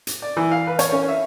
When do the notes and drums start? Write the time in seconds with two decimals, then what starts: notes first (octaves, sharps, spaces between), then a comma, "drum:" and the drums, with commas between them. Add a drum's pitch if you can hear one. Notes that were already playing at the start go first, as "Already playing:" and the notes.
0.07 drum: hi-hat
0.22 D5
0.37 E3
0.51 F5
0.67 B4
0.79 C#5, drum: hi-hat
0.92 C#4
1.08 E5